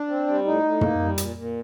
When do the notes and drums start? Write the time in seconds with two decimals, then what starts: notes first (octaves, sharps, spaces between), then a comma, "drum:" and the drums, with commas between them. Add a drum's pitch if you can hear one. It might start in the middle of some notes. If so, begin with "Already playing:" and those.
Already playing: D4
0.09 C4
0.27 G3
0.45 A2 D#4
0.63 A2
0.81 A#3, drum: tom
0.99 G3
1.18 A#2, drum: hi-hat
1.36 A#2